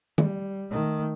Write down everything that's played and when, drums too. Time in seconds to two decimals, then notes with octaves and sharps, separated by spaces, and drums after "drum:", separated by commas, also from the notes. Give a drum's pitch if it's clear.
0.18 G3, drum: tom D#3
0.71 D#3 A3